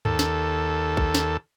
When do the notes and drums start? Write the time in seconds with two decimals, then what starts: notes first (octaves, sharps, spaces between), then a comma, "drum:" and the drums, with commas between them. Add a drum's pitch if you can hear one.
0.05 D#2 A4, drum: tom G2
0.19 drum: snare
0.97 drum: kick A#1
1.14 drum: snare